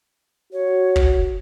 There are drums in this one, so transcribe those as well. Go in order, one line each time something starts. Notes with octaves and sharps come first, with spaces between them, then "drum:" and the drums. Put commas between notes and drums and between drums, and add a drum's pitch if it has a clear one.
F#4 C#5
drum: kick